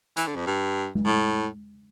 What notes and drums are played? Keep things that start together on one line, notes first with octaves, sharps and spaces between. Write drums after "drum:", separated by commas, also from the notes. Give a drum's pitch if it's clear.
E3, drum: hi-hat
D3
F2
G2
drum: tom G#3
A2